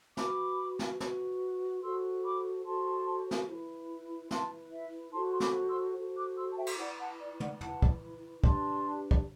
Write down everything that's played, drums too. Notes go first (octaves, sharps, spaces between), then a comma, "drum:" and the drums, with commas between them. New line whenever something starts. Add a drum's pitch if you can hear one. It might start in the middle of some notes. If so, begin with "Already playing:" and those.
F#4 B4 B5 D6, drum: snare
drum: snare
F#4 B4, drum: snare
F#4 A4 C5 C6 E6
B5 D6
F#4 A4 C5 A5 C6
drum: snare
E4 B4
E4 B4 A5 C6, drum: snare
E5
F#4 A4 C5 A5 C6
C6
B5 D6, drum: snare
C6 E6
F#4 A4 C5
D6 F#6
C6 E6
A5
E5 G5
drum: cymbal
E4 B4 D5 F#5
F#5 A5
D5
D5 F#5, drum: tom
E4 B4 F#5 A5, drum: tom
drum: kick
D4 G4 B4 A5 C6, drum: kick
drum: kick